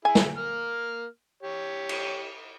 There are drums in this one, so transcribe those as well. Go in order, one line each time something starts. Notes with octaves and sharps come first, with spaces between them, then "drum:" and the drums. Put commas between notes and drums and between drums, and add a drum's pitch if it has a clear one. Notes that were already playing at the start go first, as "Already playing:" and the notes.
E4 G#4 G#5
drum: snare
A#3 F6
G4 C#5
drum: cymbal